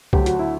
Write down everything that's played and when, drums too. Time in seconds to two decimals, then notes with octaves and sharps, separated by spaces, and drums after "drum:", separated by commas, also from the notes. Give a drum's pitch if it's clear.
0.13 D2 D3 F#3 G4, drum: kick C2
0.26 F#4, drum: hi-hat
0.39 E4